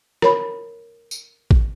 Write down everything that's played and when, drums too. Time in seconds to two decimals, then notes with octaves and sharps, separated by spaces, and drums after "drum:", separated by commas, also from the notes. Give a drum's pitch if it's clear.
0.22 A#4 C#5 B5, drum: rim click
1.11 drum: tambourine
1.51 drum: kick A1